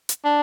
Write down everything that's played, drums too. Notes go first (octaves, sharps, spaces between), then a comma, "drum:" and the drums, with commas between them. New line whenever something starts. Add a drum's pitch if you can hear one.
drum: hi-hat
D4